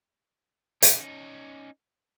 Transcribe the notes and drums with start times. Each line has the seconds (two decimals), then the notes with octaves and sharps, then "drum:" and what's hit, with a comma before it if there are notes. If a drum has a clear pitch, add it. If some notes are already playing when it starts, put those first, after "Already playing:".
0.82 C#4 D#4, drum: hi-hat